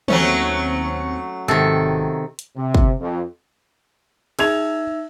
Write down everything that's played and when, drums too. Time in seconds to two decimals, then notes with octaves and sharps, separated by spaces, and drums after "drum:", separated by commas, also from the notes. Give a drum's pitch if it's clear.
0.08 D#2 F#3 A3 C4 C#4 C#7, drum: tom E3
1.48 G#1 C3 D#3 A4
2.39 drum: hi-hat
2.56 C3
2.75 drum: kick
3.00 F2
4.39 D#4 G#4 E5 E6 G#6 F7, drum: cymbal